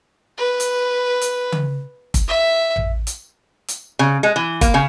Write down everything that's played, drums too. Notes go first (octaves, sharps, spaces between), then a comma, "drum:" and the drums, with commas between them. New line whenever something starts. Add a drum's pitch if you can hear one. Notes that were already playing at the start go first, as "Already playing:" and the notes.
B4
drum: hi-hat
drum: hi-hat
drum: tom C#3
drum: kick, hi-hat
E5
drum: tom A1
drum: hi-hat
drum: hi-hat
C#3
G#3
E3
A#3, drum: kick, hi-hat
C#3